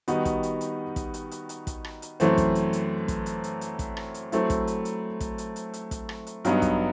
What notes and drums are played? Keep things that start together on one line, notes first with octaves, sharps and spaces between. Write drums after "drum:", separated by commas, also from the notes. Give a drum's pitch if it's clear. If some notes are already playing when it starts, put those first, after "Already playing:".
D#3 G3 B3 D#4 F#4, drum: hi-hat
drum: kick, hi-hat
drum: hi-hat
drum: hi-hat
drum: kick, hi-hat
drum: hi-hat
drum: hi-hat
drum: hi-hat
drum: kick, hi-hat
drum: rim click
drum: hi-hat
F#2 E3 A3 C4, drum: hi-hat
drum: kick, hi-hat
drum: hi-hat
drum: hi-hat
drum: kick, hi-hat
drum: hi-hat
drum: hi-hat
drum: hi-hat
drum: kick, hi-hat
drum: rim click
drum: hi-hat
F#3 A3 C4 E4, drum: hi-hat
drum: kick, hi-hat
drum: hi-hat
drum: hi-hat
drum: kick, hi-hat
drum: hi-hat
drum: hi-hat
drum: hi-hat
drum: kick, hi-hat
drum: rim click
drum: hi-hat
G2 F#3 B3 D#4, drum: hi-hat
drum: kick, hi-hat